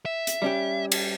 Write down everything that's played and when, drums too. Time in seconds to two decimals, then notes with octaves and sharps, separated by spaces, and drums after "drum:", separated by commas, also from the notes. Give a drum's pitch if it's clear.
0.06 E5
0.27 drum: hi-hat
0.42 G3 C#4 G4
0.92 drum: cymbal